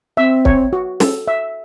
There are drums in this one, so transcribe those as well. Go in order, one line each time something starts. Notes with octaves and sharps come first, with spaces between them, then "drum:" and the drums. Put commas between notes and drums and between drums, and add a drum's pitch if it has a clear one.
C4 E5
C#5, drum: kick
F#4
A4, drum: snare
E5